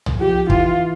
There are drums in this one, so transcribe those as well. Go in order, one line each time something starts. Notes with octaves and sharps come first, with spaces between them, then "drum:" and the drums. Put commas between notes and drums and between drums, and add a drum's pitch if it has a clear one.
drum: tom
F3 G4
E3 F4, drum: kick